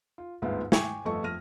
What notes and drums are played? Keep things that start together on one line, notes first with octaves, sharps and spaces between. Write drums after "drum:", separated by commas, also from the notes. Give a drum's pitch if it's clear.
F4
G1 D2 G#2 B3 F4 E5
G5 G#5 C#6 D6 G#6, drum: snare
G1 F2 A3 A4 D#5 C#6
F2 A3 F6 A#6 D#7